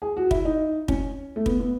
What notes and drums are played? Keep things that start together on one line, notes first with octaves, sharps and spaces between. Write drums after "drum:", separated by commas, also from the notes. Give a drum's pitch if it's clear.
G#4
F#4
E4, drum: kick
D#4
C#4, drum: kick
A3
B3, drum: kick
B3